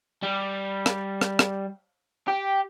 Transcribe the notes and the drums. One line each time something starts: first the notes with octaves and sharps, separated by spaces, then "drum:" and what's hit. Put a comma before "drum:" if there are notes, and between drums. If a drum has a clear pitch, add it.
G3
drum: rim click
drum: rim click
drum: rim click
G4